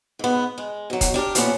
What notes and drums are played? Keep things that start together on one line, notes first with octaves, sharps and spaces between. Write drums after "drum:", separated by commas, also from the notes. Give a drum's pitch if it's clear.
G#2 B3
G#3
B2 F#3
drum: kick E1, hi-hat
D4 G4 A4 A#4
A#2 F3 A3 B3 C#4, drum: hi-hat